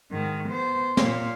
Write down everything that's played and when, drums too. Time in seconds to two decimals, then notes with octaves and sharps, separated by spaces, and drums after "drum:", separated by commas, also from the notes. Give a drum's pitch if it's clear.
0.11 G#2 D#3
0.49 B3 C5
0.97 A#2 F5, drum: snare